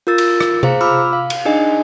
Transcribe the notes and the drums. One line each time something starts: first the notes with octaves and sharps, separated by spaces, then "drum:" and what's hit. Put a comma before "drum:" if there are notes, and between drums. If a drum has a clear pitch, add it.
F4 A#4 E6 A6
drum: cymbal
drum: rim click
G#4 C5 F5 A#5, drum: tom C3
F4 B5 D6 E6 F6
F5
drum: cymbal
D4 D#4 G#4 D#5 G#5